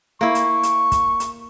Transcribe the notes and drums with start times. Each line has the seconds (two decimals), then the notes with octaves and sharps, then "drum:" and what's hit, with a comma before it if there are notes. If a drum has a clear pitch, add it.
0.21 A#3 E4 C#6
0.35 drum: hi-hat
0.63 drum: hi-hat
0.92 drum: kick, hi-hat
1.20 drum: hi-hat